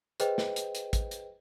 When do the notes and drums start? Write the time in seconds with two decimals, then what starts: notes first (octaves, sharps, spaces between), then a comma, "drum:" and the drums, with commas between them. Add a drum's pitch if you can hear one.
0.20 G#4 B4 C5 D#5 G5, drum: hi-hat
0.38 drum: snare
0.56 drum: hi-hat
0.75 drum: hi-hat
0.93 drum: kick A1, hi-hat
1.11 drum: hi-hat